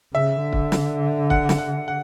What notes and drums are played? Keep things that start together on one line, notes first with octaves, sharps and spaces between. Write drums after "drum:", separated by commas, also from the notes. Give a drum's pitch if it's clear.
C#3 E5
D3
drum: kick
drum: snare
F#5, drum: kick
drum: snare
F#5
F#5